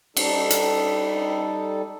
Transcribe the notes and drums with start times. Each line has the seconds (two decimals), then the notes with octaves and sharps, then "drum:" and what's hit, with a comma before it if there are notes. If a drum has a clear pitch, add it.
0.17 G3 D#4 A4, drum: cymbal
0.50 drum: hi-hat